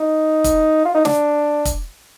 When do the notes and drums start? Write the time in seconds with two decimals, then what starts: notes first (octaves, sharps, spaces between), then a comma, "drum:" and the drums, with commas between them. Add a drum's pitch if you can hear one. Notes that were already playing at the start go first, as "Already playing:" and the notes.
Already playing: D#4
0.44 drum: kick, hi-hat
0.85 F4
0.95 D#4
1.05 D4, drum: snare
1.65 drum: kick, hi-hat